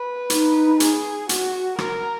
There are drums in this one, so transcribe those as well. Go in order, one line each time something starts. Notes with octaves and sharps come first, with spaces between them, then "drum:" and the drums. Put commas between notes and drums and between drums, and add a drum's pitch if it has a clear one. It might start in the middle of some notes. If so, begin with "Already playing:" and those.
Already playing: B4
D#4, drum: hi-hat
G#4, drum: hi-hat
F#4, drum: hi-hat
A#4, drum: rim click